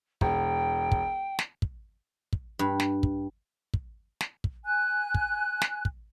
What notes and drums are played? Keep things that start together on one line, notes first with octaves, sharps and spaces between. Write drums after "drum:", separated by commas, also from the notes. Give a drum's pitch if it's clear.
E1 G5, drum: kick
drum: kick
drum: snare
drum: kick
drum: kick
G2
drum: snare
drum: kick
drum: kick
drum: snare
drum: kick
G#5 F#6
drum: kick
drum: snare
drum: kick